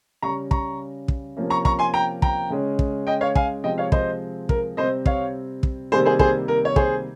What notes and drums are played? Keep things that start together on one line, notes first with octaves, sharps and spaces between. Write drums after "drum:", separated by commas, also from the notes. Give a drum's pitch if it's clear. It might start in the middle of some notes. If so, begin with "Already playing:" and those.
C#3 G3 C#4 A#5 C#6
A#5 C#6, drum: kick
drum: kick
C3 F3 A#3 C#4
A#5 C#6
A#5 C#6, drum: kick
G#5 C6
G5 A#5
G5 A#5, drum: kick
C#3 G#3 C#4
drum: kick
D#5 G5
C#5 F5
F5 G#5, drum: kick
C3 F3 G#3 C4 D#5 G5
C#5 F5
C5 D#5, drum: kick
A#4, drum: kick
C3 G3 C4 C5 D#5
C#5 F5, drum: kick
drum: kick
C3 D#3 G3 A#3 G#4 C5
G#4 C5
G#4 C5, drum: kick
A#4
C#5
G#4 C5, drum: kick